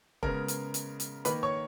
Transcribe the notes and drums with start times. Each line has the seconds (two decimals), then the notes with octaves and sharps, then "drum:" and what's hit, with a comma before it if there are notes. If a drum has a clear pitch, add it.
0.23 C#3 G#3 B3 A#4 A#5, drum: kick
0.48 drum: hi-hat
0.74 drum: hi-hat
1.00 drum: hi-hat
1.25 D#3 A#3 B4 B5, drum: hi-hat
1.43 C#5 C#6